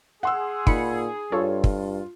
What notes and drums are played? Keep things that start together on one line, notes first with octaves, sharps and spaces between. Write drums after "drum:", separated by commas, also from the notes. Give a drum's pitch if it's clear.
G#4 F#5 C6 E6
A#2 D#4 B5 C#7, drum: kick
G2 F4 A4 C#5
drum: kick